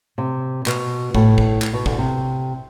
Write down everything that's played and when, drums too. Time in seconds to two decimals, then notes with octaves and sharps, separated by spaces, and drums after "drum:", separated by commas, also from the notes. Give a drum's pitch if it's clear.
0.18 C3
0.66 B2, drum: clap
1.15 A2, drum: kick
1.38 drum: kick
1.62 drum: clap
1.73 B2
1.86 D3, drum: kick
1.98 C3